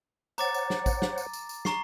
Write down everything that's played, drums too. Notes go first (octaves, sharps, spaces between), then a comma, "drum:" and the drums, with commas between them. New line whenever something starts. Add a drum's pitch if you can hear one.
C5 C#5 F#5 A#5 D6 A6, drum: tambourine
drum: tambourine
drum: snare
drum: kick A1, tambourine
drum: snare
drum: tambourine
drum: tambourine
drum: tambourine
A#5 C#6 C7, drum: snare